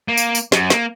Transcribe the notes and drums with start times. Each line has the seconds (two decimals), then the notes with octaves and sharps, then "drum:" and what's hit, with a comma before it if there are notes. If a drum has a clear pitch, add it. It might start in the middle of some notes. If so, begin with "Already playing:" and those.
0.08 A#3
0.17 drum: tambourine
0.35 drum: tambourine
0.52 F#2, drum: snare
0.70 A#3, drum: snare